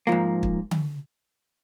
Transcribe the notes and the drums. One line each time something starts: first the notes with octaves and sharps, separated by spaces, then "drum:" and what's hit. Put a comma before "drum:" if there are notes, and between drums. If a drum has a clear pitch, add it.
G#2 F3 A#3
drum: kick
drum: tom D3